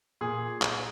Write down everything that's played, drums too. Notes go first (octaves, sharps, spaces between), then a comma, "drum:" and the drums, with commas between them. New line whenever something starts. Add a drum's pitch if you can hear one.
A#2 G#4
drum: clap